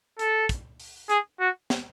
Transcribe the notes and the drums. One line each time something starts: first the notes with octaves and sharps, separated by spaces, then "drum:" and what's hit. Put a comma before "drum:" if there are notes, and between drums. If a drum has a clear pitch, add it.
A4, drum: hi-hat
drum: kick, hi-hat
drum: open hi-hat
G#4, drum: hi-hat
F#4
drum: snare